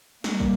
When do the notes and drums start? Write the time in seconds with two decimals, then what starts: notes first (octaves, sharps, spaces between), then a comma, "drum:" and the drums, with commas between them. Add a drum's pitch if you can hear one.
0.24 G3 A#3, drum: snare
0.40 drum: kick